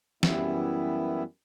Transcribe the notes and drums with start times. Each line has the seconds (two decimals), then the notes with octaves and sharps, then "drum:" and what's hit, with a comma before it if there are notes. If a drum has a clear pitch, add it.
0.23 F#2 E3 G3 B3 E4, drum: snare